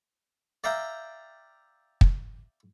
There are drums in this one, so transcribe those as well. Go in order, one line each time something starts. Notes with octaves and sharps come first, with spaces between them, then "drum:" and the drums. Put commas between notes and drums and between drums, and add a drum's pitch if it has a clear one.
D5 E5 F5 G5 A#5
drum: kick